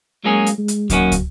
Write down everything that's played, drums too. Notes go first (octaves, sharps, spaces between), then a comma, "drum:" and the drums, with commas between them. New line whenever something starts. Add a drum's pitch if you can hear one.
F#3 G#3 A#3 C#4 G#4
drum: hi-hat
G#3
drum: hi-hat
F#2 D#3 F#3 A#3 C#4 F#4, drum: kick, hi-hat
drum: kick, hi-hat